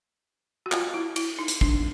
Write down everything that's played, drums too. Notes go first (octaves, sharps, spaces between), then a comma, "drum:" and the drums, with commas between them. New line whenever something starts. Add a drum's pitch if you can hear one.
F#4
F4, drum: clap
E4
E4, drum: cymbal
D#4
drum: hi-hat
D4, drum: kick